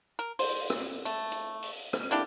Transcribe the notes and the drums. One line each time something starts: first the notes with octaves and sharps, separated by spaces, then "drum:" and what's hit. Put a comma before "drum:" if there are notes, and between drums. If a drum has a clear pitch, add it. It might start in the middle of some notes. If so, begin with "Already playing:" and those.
A#4
C5, drum: open hi-hat
drum: rim click
A3
drum: hi-hat
drum: open hi-hat
drum: rim click
A#3 D4 E4 G4